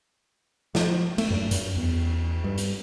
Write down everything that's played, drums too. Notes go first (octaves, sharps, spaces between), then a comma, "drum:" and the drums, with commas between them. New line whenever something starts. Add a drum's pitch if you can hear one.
F3, drum: snare
A3, drum: cymbal
F#2
F#2, drum: hi-hat
E2
G2
drum: hi-hat